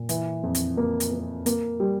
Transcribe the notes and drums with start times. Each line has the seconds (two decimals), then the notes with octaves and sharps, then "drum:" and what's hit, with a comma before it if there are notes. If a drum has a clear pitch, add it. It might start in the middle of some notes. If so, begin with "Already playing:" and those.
Already playing: A#2
0.09 E3, drum: hi-hat
0.43 F2
0.55 drum: hi-hat
0.77 A#3
1.00 drum: hi-hat
1.11 A#3
1.46 A#3, drum: hi-hat
1.80 G3